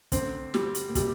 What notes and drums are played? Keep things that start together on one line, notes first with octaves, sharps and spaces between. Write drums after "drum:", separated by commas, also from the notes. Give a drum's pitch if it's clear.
D2 D3 C4, drum: kick, hi-hat
G3, drum: snare
drum: hi-hat
A#2
C3 G3, drum: kick, hi-hat